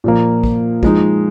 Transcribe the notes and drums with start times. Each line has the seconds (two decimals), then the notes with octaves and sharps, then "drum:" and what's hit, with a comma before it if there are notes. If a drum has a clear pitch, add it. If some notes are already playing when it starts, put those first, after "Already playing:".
0.04 A#2 F3 A#3
0.43 drum: kick
0.83 F3 G#3 D#4, drum: kick